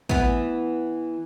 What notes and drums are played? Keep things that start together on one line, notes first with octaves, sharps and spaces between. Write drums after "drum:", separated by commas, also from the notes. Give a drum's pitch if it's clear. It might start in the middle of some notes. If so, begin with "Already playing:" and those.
E3 B3, drum: kick